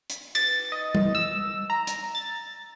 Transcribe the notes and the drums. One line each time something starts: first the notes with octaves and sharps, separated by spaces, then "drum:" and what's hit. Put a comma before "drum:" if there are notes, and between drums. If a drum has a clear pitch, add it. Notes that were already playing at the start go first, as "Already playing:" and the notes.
drum: hi-hat
A6, drum: cymbal
D#5
drum: tom
E6
A#5
drum: hi-hat
A6